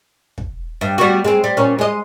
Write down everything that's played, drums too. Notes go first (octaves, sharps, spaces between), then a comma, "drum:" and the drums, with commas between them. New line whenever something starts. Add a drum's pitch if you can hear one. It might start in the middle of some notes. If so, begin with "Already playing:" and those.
drum: kick
G2
G3 B3 F#4
G#3 C4
G3
A#2 C#4
G#3 D#5